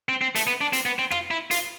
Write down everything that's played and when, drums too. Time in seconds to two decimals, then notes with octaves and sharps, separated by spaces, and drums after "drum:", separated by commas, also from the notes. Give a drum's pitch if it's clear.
0.09 C4
0.22 C4
0.35 A3, drum: hi-hat
0.47 B3
0.61 D4
0.73 C4, drum: hi-hat
0.86 B3
0.99 C4
1.11 F4, drum: rim click
1.31 E4
1.51 F4, drum: hi-hat